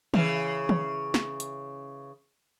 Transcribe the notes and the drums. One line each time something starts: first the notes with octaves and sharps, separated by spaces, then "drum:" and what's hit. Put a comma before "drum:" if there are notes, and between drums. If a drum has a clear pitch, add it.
C#3 E3, drum: tom
drum: tom
drum: snare
drum: hi-hat